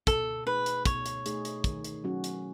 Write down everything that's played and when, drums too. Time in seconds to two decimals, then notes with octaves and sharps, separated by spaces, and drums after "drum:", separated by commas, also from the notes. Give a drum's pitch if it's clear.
0.07 B2 A4, drum: kick, hi-hat
0.46 A3 D#4 G#4 B4
0.66 drum: hi-hat
0.85 B2 C#5, drum: kick, hi-hat
1.06 drum: hi-hat
1.26 A3 D#4 G#4, drum: hi-hat
1.45 drum: hi-hat
1.64 D#3, drum: kick, hi-hat
1.84 drum: hi-hat
2.04 F#3 C#4 F#4
2.24 drum: hi-hat